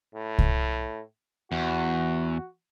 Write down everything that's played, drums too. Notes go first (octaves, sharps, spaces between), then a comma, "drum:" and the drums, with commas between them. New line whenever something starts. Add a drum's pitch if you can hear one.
A2
drum: kick C2
E2 F#4